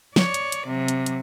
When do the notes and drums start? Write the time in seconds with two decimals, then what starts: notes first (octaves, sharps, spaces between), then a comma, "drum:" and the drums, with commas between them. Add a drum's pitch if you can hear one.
0.16 C#5 D5, drum: snare
0.34 drum: hi-hat
0.52 drum: hi-hat
0.67 C3 F#3
0.88 drum: hi-hat
1.06 drum: hi-hat